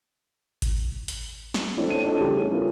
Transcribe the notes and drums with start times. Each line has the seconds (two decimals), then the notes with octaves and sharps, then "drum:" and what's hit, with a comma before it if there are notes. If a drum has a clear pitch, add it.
0.62 drum: kick G#1, hi-hat
1.08 drum: hi-hat
1.54 drum: snare
1.77 A3 C4 D4 E4
1.90 C4 A4 C#5 D#7
2.04 D4 D#4 F4 A4
2.20 C#3 E3 G3 A3 G4 A4
2.38 C#4
2.52 A3 B3 E4 F4 A#4